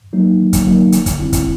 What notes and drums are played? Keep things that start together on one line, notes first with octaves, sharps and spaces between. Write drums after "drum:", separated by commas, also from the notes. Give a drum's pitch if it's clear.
F#3 A#3 D#4
D3
drum: kick, hi-hat
F#3 A#3 D#4
D3, drum: hi-hat
drum: kick, hi-hat
G3 C4 E4
drum: kick, hi-hat